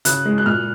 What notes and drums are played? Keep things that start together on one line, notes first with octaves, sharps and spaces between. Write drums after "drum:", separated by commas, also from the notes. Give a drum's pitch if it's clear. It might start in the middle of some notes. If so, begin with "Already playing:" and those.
C#3 F#6, drum: hi-hat
G#3
F#6
A#2 F6